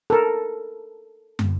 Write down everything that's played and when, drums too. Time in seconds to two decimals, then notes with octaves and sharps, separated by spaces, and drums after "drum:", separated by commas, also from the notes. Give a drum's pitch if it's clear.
0.10 A4 A#4
1.39 drum: tom